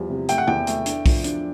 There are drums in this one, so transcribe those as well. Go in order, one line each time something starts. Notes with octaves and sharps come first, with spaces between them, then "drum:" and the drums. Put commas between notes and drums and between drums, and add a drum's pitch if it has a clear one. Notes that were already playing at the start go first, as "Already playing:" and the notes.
Already playing: E2 F3 G3
C3
A3 G5, drum: hi-hat
F#5
E2 G5, drum: tom
A3, drum: hi-hat
D4, drum: hi-hat
F3, drum: kick B1, open hi-hat
D4, drum: hi-hat